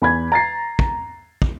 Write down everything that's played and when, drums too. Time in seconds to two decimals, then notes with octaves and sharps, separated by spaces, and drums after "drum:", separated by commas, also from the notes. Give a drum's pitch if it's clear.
0.02 E2 B5 G#6
0.32 A#5 A6 C7
0.79 drum: kick
1.42 drum: kick